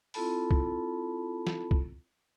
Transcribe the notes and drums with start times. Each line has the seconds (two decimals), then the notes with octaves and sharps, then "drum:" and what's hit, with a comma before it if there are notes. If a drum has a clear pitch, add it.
0.14 C4 E4 F4 A4 A5 B5, drum: open hi-hat
0.51 drum: kick
1.47 drum: snare
1.71 drum: kick